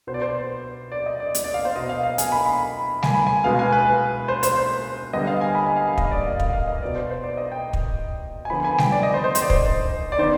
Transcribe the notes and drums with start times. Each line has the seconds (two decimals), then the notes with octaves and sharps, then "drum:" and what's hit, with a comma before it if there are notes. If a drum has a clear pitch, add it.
0.07 B2 B3 C5
0.14 D5
0.22 C5
0.92 D5
1.06 D#5
1.20 D5
1.35 drum: hi-hat
1.44 D5
1.54 F5
1.65 C5
1.75 B2 B3 D#5
1.89 F5
2.03 F5
2.18 G#5, drum: hi-hat
2.32 B5
2.46 B5
3.03 G#5, drum: snare G3
3.15 B5
3.27 G#5
3.44 B2 G#3 B3 F5
3.59 G#5
3.72 B4
4.28 C5
4.43 C5, drum: hi-hat
4.57 C5
5.13 D3 G3 B3 D#5
5.27 F5
5.41 G#5
5.55 B5
5.66 G#5
5.76 F5
5.87 F5
5.98 D#5, drum: kick
6.11 D5
6.26 F5
6.40 F5, drum: kick
6.53 F5
6.67 D#5
6.81 B2 B3 D5
6.96 C5
7.10 C5
7.24 D5
7.37 D#5
7.52 G5
7.73 drum: kick
8.45 G#5
8.50 D3 F3 B3 B5
8.60 B5
8.65 G#5
8.78 G5, drum: snare G3
8.92 D5
9.03 D#5
9.14 C5
9.24 C5
9.35 C5, drum: hi-hat
9.42 D5
9.50 C5, drum: kick
10.12 D5
10.18 D#3 B3 C5